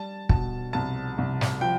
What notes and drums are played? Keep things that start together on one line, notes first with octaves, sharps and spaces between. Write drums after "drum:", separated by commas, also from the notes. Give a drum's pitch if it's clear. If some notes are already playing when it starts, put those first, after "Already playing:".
Already playing: G3 A5
B2 A5, drum: kick
C2 A5
C2
drum: snare
F3 G5